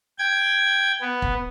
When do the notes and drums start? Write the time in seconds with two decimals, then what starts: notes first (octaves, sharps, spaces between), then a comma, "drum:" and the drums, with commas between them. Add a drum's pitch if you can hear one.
0.19 G5 G#6
1.01 B3
1.22 drum: kick